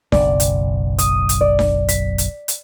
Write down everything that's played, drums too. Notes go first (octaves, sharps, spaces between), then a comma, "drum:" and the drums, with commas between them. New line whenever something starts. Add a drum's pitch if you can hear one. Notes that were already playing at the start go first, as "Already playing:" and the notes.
F#1 B1 D5, drum: snare D4
drum: hi-hat
D#6, drum: hi-hat
drum: hi-hat
D5
drum: snare D4
B6, drum: hi-hat
drum: hi-hat
drum: hi-hat